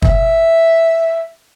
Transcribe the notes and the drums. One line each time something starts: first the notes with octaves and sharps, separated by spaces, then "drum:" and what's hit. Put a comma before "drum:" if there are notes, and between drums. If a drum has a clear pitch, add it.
E5, drum: kick